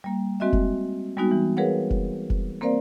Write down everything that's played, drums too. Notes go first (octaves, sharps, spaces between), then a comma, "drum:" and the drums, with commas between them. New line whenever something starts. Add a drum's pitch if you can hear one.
G3 A#3
G#3 C4 F#4 D#5 E5
drum: kick F1
G3 G#3 B3 D#4 F#4
E3
G#4 A#4 B4 C#5 F5 F#5
drum: kick F1
drum: kick F1
A#3 C4 A#4 C5 D5 F5